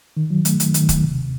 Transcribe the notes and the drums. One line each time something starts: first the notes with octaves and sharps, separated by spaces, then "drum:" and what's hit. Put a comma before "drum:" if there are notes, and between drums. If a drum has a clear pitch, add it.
D#3
F#3
A3, drum: hi-hat
D#3, drum: hi-hat
D#3, drum: hi-hat
D#2, drum: kick, hi-hat
C3